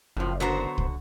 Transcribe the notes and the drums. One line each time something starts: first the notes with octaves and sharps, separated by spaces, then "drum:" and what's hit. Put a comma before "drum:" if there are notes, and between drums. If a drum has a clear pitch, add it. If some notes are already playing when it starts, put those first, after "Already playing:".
F#1 A2 F3
D3 F#3 B3 F#4 C5 A#5
drum: kick C2